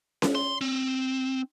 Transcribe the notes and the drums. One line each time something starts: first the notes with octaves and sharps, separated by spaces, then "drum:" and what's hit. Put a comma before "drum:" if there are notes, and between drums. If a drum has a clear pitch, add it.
drum: snare C#4
C6
C4